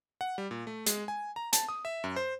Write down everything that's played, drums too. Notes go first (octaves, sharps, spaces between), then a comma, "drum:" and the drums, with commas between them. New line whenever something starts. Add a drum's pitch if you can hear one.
F#5
G3
A#2
A3
G#3, drum: hi-hat
G#5
A#5
A5, drum: hi-hat
D#6
E5
F#2
C5